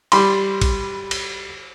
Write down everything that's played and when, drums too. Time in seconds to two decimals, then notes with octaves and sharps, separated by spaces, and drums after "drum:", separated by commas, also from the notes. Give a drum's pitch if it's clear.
0.12 G3 B5 C6, drum: cymbal
0.61 drum: kick, cymbal
1.11 drum: cymbal